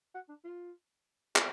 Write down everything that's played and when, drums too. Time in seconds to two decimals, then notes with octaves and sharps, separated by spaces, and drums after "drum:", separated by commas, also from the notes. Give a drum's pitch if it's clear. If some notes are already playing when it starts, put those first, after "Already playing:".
0.15 F#4
0.29 D4
0.44 F4
1.36 G#4, drum: clap